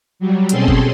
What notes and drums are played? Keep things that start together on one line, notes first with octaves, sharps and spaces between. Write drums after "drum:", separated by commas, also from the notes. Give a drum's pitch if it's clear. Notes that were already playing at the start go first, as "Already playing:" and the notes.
F#3 G3
B2 C4 C#4 G#4 A4 C6, drum: hi-hat
drum: kick G1